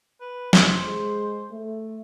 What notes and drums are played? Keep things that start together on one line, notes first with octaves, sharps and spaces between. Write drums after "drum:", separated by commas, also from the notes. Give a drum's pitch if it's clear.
B4
F1 C5, drum: snare
G#3
A3